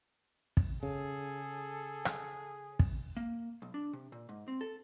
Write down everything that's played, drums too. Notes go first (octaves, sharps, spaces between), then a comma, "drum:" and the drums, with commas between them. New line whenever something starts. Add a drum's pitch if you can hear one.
drum: kick
C#3 G#4 A4
drum: rim click
drum: kick
A#3
B1
D4
C3
A#2
G#2
C4
A4